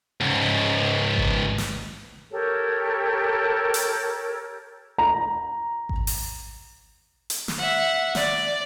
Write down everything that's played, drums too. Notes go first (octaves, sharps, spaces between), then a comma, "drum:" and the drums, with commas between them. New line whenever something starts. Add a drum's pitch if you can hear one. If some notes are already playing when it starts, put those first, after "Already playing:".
C#2 G#2
drum: kick G#1
drum: snare
G4 A4 A#4 C#5
drum: hi-hat
A#5
drum: kick G#1
drum: open hi-hat
drum: hi-hat
drum: snare
E5 F#5
D5, drum: snare